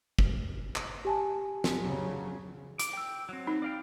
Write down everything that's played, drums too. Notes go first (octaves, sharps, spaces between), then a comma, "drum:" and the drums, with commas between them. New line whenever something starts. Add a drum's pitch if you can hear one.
drum: kick
drum: clap
G4 G#5 A5
drum: snare
C#3 F#3
D6, drum: hi-hat
G5 E6
F#3 C4
D#4
D5 F5 G5